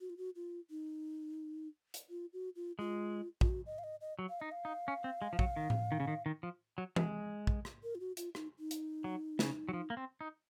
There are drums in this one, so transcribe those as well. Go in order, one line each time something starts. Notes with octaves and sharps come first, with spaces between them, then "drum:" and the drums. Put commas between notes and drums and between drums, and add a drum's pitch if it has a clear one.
F#4
F4
F#4
F4
D#4
drum: hi-hat
F4
F#4
F4
G#3 F4
F4, drum: kick
F#4
D#5
F5
D#5
D#5
F#3
F5
D#4 D#5
F5
D#4
C#4
C4
G#3
F3
F#3, drum: kick
D#3
drum: tom A2
D#3
C#3
D#3
D#3
F3
F#3
G#3, drum: tom E3
drum: kick
drum: rim click
A#4
F4
F#4
F4, drum: hi-hat
D#4, drum: rim click
D#4
drum: hi-hat
F#3
C#3, drum: snare
F#3
F3
A#3
C4
D#4